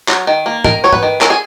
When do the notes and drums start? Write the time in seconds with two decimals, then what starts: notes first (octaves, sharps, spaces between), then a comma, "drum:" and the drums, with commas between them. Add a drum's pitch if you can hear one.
0.08 F#3, drum: clap
0.27 D#3
0.46 A#3
0.64 D#3 A#4, drum: tom
0.84 F#3 C#5
0.92 B4, drum: tom G#2
1.03 D#3
1.21 C#4 A#4, drum: clap
1.30 G#4